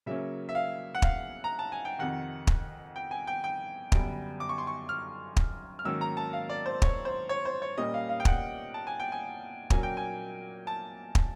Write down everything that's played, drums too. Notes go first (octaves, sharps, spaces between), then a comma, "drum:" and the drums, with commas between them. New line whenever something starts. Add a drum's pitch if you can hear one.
C#3 F#3 A#3 C#4 E5
E5
F5
F#5
F5, drum: kick
A#5
A5
G#5
G5
F2 C3 D#3 F#5
drum: kick
G5
G#5
G5
G5
F#2 D3 G3 B3, drum: kick
D6
C#6
C6
C#6
F6
drum: kick
F6
G#2 D#3 F#3 A#3 C#4 E6
A#5
A5
F5
D5
C5
C#5, drum: kick
C5
C#5
C5
C#5
A#2 G3 A#3 C#4 D#5
F5
F5
G5
F#5, drum: kick
A5
G#5
G5
G#5
A#2 F#3 A#3 C#4 G#5, drum: kick
G5
G#5
A5
drum: kick